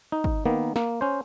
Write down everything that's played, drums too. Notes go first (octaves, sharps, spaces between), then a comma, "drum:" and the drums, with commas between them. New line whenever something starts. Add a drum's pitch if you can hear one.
D#4
drum: kick
D#3 A#3 B3
A#3, drum: snare
C#4 C5